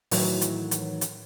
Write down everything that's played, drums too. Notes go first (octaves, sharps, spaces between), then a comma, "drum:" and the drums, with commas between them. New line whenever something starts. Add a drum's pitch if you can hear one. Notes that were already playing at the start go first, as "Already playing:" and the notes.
A2 D#3 E3 F#3, drum: open hi-hat
drum: hi-hat
drum: hi-hat
drum: hi-hat